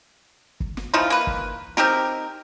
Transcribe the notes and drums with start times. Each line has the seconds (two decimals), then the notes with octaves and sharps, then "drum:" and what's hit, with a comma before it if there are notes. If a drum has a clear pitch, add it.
0.60 drum: kick
0.77 drum: snare
0.94 E3 F3 D#4 F4
1.10 A#3 B4
1.27 drum: kick
1.77 C4 D#4 G4 A#4, drum: snare